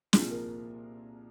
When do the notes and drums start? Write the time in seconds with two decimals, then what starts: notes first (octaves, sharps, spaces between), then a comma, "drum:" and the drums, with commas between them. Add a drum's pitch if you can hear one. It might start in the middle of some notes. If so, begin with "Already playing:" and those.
0.13 C2 A#2 F3 G#4, drum: snare
0.31 A#4